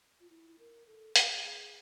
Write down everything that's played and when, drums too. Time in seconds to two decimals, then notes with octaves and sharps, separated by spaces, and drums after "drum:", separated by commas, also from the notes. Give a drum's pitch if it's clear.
0.20 F4
0.30 E4
0.59 A#4
0.87 A4
1.16 G#4, drum: hi-hat
1.44 G#4